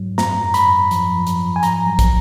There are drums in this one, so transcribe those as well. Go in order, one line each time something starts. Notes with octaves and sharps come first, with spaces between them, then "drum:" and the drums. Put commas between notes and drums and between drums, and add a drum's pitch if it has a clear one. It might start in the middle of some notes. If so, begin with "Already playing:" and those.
Already playing: G#2 F#3
F#2 A#5, drum: snare
F#2
B5, drum: hi-hat
F#2
F3, drum: hi-hat
F3
drum: hi-hat
F3
G#5
G#2 A#5, drum: hi-hat
F#3
drum: kick, hi-hat